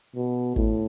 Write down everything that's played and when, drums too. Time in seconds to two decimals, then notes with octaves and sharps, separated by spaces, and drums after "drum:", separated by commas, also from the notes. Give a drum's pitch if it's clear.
0.15 B2
0.56 A2, drum: kick